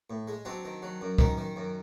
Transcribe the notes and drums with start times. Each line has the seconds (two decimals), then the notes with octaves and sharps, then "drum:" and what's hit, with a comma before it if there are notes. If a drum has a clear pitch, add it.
0.10 A2
0.28 G#3
0.45 F#3 C4 D4
0.65 D#3
0.82 F#3
1.01 F#2
1.18 D#3 C#4 D#4, drum: kick C#2
1.38 D#3
1.56 F#2